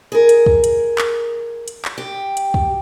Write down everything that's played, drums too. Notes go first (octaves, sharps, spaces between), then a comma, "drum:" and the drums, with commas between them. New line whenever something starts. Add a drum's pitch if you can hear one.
G#4 A#4
drum: hi-hat
drum: kick
drum: hi-hat
drum: clap
drum: hi-hat
drum: clap
G4
drum: hi-hat
drum: kick